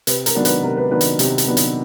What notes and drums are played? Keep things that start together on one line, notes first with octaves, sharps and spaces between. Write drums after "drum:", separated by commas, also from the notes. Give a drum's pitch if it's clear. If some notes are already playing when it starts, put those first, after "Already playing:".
C3 B4, drum: hi-hat
A#4, drum: hi-hat
D#3 F#3 B3 D4
B4, drum: hi-hat
C3 A#4
B4
D#3 F#3 B3 D4 B4
drum: hi-hat
C3, drum: hi-hat
drum: hi-hat
D#3 F#3 B3 D4
drum: hi-hat